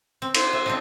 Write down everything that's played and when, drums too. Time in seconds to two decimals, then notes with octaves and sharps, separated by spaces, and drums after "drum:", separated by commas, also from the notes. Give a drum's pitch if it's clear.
0.22 C4
0.35 C5, drum: cymbal
0.53 E5
0.66 C4 D4 D#4